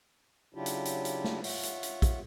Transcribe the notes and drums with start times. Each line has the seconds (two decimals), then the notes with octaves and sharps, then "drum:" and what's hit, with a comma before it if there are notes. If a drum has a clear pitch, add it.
0.55 C#3 F#3 D4 E4 F4 G4
0.66 drum: hi-hat
0.85 drum: hi-hat
1.05 drum: hi-hat
1.24 drum: snare
1.44 F4 C#5 E5 F#5, drum: open hi-hat
1.63 drum: hi-hat
1.83 drum: hi-hat
2.02 drum: kick, hi-hat